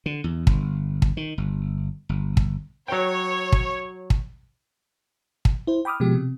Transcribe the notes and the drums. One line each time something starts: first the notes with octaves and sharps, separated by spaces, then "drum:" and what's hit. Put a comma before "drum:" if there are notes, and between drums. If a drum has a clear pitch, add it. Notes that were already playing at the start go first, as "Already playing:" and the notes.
D3
E2
G1, drum: kick
drum: kick
D#3
G1
G1
drum: kick
F#3 C#5 G5
drum: kick
drum: kick
drum: kick
E4 C5
G5 B5 D6 D#6 F6
B2 F3 G#3 G4
C3